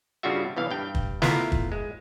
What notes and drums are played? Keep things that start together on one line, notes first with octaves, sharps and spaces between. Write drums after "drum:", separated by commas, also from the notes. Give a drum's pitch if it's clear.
G2 C#3 G3 F4 F#4 E5
B1 E3 F5
G2 G5
drum: kick
A3 B3 E4 F4 A#4 E5, drum: snare
drum: kick
G#3